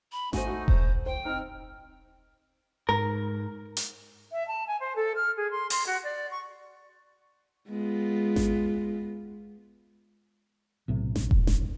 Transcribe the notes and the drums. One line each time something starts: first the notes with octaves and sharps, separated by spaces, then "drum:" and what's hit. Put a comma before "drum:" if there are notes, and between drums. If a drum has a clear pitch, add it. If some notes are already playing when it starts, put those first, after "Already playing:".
B5
A3 D#4 F#4 C5 G#5, drum: snare G#1
F#4
C5, drum: kick E1
C5 G5
C4 D#4 F6
G#2 A#4
drum: hi-hat
E5
A5
G#5
C5
A4
F6
G#4
C6
C6, drum: open hi-hat
F#4
D5
C#6
G#3 B3 F4
drum: snare G#1
B1 A2 C3
drum: snare G#1
drum: kick E1
drum: snare G#1